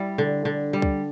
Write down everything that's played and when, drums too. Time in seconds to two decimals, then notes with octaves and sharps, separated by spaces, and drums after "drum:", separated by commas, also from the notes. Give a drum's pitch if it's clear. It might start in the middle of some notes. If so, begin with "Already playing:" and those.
Already playing: G3 E4
0.18 D3
0.45 D3
0.73 G3
0.82 drum: kick C#2